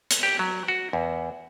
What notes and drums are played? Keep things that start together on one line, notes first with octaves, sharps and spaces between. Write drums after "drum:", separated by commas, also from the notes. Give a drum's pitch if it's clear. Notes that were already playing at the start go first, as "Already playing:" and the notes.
drum: hi-hat
G4
F#3
F#4
E2